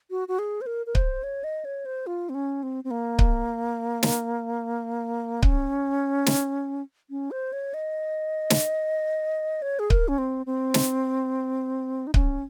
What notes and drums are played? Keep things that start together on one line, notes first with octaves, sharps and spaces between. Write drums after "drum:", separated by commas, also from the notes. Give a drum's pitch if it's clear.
F#4
F#4
G#4
C5
A#4
A#4
C5, drum: kick C#1
C#5
D#5
C#5
C5
F4
C4
C#4
C4
C4
A#3
drum: kick C#1
drum: snare
C#4, drum: kick C#1
drum: snare
C#4
C5
C#5
D#5
drum: snare
C#5
G#4
A#4, drum: kick C#1
C#4
C4
C4
drum: snare
D#4
C#4, drum: kick C#1